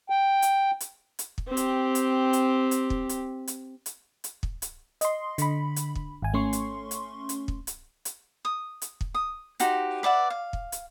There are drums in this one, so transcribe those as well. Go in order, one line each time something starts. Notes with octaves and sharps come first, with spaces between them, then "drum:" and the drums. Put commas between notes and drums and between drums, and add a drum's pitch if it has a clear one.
G5
drum: hi-hat
drum: hi-hat
drum: hi-hat
drum: kick
C4 G4
drum: hi-hat
drum: hi-hat
drum: hi-hat
drum: hi-hat
drum: kick
drum: hi-hat
drum: hi-hat
drum: hi-hat
drum: hi-hat
drum: kick
drum: hi-hat
D#5 C6, drum: hi-hat
D3 B5, drum: hi-hat
drum: hi-hat
drum: kick
G#1 G#5
A3 C#4 C6 C#6
drum: hi-hat
drum: hi-hat
drum: hi-hat
drum: kick
drum: hi-hat
drum: hi-hat
D#6
drum: hi-hat
drum: kick
D#6
D#4 F#4 G4 C5, drum: hi-hat
B4 D5 E5 F#5
F5
drum: kick
drum: hi-hat